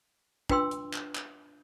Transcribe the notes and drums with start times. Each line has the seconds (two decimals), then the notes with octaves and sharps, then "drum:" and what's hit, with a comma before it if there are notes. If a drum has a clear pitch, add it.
0.49 D4 F4 B4 G5 C6 E6, drum: kick
0.71 drum: hi-hat
0.93 drum: clap
1.15 drum: clap